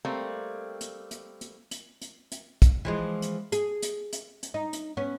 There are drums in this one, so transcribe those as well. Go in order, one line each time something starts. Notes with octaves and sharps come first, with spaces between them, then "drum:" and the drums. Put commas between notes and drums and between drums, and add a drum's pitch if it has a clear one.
G3 A3 A#3 C4
drum: hi-hat
drum: hi-hat
drum: hi-hat
drum: hi-hat
drum: hi-hat
drum: hi-hat
drum: kick, hi-hat
E3 F3 G#3
drum: hi-hat
G#4, drum: hi-hat
drum: hi-hat
drum: hi-hat
drum: hi-hat
D#4
drum: hi-hat
B3 C#4